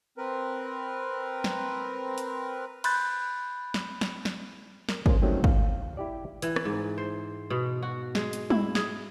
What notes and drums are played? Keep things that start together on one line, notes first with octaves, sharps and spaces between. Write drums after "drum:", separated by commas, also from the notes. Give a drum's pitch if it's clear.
C4 A#4 B4
drum: snare
drum: hi-hat
B5 C6 F#6 G6 A6, drum: cymbal
drum: snare
drum: snare
drum: snare
A#4, drum: snare
A#3 C#4 G#4 C5, drum: kick
D#3 F#3 G3 A3 C4 C#4
F5, drum: kick
E4 G4 D5
E3, drum: hi-hat
drum: rim click
G#2
C5
B2
F#4
G#3, drum: snare
drum: hi-hat
E4, drum: tom G3
G#4, drum: snare